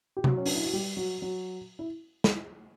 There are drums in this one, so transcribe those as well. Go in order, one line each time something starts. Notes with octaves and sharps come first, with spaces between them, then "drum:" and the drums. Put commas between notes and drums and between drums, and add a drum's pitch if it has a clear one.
G4
F#3 F#4, drum: tom C3
C#4
D4, drum: open hi-hat
E4
F#4
G3 G4
F#3 F#4
F#3 F#4
E4
drum: snare